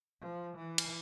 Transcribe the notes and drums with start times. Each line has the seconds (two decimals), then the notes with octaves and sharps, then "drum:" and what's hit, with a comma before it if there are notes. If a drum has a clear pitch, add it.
0.21 F3
0.57 E3
0.78 drum: cymbal